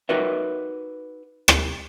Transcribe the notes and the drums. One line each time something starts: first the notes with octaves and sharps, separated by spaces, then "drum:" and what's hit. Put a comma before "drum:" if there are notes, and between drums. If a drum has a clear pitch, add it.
D#4 F#4 A#4 B4 E5
drum: rim click